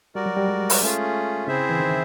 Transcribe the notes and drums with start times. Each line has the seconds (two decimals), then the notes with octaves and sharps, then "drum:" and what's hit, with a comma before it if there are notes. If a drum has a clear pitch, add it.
0.15 G3 F#4 A#4 D5
0.26 F#3
0.37 G3
0.48 G#3
0.70 drum: open hi-hat
0.81 A3 C#4 F4 G#4
1.47 C#3 C4 E4 G#4 C5 E5
1.69 E3
1.80 D#3